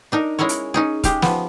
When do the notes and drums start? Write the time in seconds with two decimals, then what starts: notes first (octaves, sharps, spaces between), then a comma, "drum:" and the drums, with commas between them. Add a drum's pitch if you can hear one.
0.12 D4 D#4 A#4
0.39 G#3 C#4 E4 A#4 C#5
0.49 drum: hi-hat
0.74 C#4 D#4 G#4
1.04 G#3 G4 F5, drum: kick, hi-hat
1.22 F3 B3, drum: snare